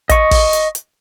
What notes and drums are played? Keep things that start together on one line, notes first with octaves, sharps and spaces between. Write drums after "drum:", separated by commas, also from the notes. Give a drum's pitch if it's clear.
D#5 C#6, drum: kick, hi-hat
drum: kick, open hi-hat
drum: hi-hat
drum: hi-hat